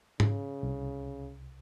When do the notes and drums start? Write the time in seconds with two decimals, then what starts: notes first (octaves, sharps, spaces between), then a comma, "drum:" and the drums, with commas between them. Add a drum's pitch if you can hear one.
0.20 C#3, drum: tom G#2
0.63 C2